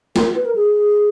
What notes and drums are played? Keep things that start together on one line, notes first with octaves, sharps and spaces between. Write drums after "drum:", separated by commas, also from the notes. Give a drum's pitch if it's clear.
A#4, drum: snare
B4
A#4
G#4